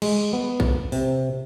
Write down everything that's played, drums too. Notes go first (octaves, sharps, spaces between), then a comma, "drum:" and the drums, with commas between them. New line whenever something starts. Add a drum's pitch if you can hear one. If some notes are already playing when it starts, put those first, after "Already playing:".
G#3, drum: cymbal
B3
drum: kick
C3, drum: open hi-hat